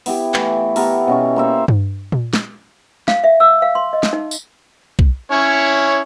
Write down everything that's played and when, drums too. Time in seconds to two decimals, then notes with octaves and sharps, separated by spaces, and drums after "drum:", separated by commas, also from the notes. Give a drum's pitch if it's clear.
0.06 B3 E4 G4, drum: open hi-hat
0.34 E3 A3, drum: clap
0.76 B3 G4 A4 A#4, drum: open hi-hat
1.07 B2 C#4 C#6
1.36 A#3 C5 E5 C#6
1.68 drum: tom G2
2.12 drum: tom A#2
2.33 drum: snare
3.08 F5, drum: snare
3.24 E5
3.40 E6
3.62 F5
3.75 C6
3.93 D#5
4.03 drum: snare
4.13 D#4
4.31 drum: tambourine
4.99 drum: kick C2
5.31 C#4 E4 C#5